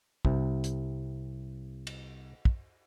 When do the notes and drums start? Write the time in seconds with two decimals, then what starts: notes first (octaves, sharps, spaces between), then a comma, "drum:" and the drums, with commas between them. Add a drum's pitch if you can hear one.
0.25 C2 C3, drum: kick
0.64 drum: hi-hat
1.87 drum: cymbal
2.45 drum: kick